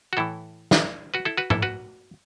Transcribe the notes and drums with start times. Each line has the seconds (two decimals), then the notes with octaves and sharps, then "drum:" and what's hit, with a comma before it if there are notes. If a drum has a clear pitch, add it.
0.13 F#4
0.17 A2 E3 E4 A4
0.71 drum: snare
1.14 F#4 B4
1.25 E4 A4
1.37 F#4 B4
1.50 E4 A4, drum: tom
1.62 F#4 B4